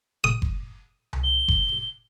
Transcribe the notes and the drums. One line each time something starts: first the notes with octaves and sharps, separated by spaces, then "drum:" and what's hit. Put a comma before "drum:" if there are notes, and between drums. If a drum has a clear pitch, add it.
D#6
drum: kick F#1
drum: tom C2
G7
drum: kick F#1